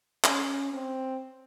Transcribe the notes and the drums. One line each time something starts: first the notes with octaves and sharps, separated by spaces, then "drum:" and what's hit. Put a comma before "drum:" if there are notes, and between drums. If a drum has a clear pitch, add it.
C#4, drum: clap
C4